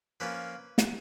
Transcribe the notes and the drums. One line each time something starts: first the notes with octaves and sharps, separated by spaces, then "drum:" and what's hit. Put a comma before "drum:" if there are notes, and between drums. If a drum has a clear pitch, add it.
F3 A#3 C#4 F4 B4
drum: snare